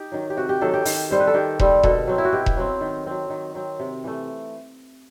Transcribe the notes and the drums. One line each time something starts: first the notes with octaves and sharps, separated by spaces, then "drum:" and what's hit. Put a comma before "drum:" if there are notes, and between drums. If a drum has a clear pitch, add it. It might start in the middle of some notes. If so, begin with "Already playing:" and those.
Already playing: D#4 G4
D#3 F#3
G4
C3 F#4
G4
D#3 F#3 A4
G4
D#3, drum: open hi-hat
G3 C4 C5
B4
A4
D#3 G4
G3 C4, drum: kick E1
B2 A4, drum: kick E1
F#3 C4
E4
F#4
B2 G4
drum: kick E1
F#3 C4
D#3
F#3 C4
D#3
F#3 C4
C3
E3 A3